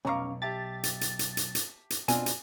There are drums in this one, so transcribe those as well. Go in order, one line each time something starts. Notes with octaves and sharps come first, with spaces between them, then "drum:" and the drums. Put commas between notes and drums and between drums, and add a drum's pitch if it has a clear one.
F1 B1 C#4 F5 A#5 C#6 D6
G4 E5 A5 A6
drum: hi-hat
drum: hi-hat
drum: hi-hat
drum: hi-hat
drum: hi-hat
drum: hi-hat
B2 C4 D4 F4 G#5, drum: hi-hat
drum: hi-hat